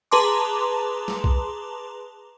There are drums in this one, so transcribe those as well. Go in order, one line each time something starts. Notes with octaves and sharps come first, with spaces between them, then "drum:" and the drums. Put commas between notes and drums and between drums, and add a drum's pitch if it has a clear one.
G#4 B4 A5 A#5 C6 D6
drum: snare
drum: kick B1